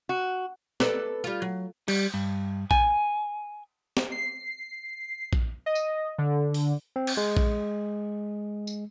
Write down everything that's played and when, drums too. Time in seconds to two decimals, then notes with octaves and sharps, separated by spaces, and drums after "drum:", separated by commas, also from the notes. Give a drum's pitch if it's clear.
0.09 F#4
0.80 A4 B4 D5, drum: snare
1.24 G3 F4
1.42 F#3
1.88 G3, drum: cymbal
2.14 G2
2.71 G#5, drum: kick A#1
3.97 drum: snare
4.12 C7
5.33 drum: kick A#1
5.66 D#5
5.75 drum: tambourine
6.18 D3
6.54 drum: open hi-hat
6.96 C4
7.07 drum: cymbal
7.17 G#3
7.37 drum: kick A#1
8.67 drum: tambourine